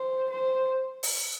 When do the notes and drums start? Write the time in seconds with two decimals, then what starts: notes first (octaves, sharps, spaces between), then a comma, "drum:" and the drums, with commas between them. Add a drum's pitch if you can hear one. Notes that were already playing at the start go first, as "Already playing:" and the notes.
Already playing: C5
0.30 C5
1.03 drum: open hi-hat